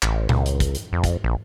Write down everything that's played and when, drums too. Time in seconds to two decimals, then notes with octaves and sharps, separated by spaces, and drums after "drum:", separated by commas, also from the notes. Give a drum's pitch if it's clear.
0.02 A1, drum: clap
0.29 C#2, drum: tom A#2
0.46 drum: hi-hat
0.60 drum: kick, hi-hat
0.75 drum: hi-hat
0.93 F2
1.04 drum: kick, hi-hat
1.24 A#1